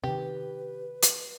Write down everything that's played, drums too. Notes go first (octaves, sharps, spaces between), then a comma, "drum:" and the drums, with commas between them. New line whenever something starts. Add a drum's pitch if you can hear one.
C3 D#3 G4 B4
drum: hi-hat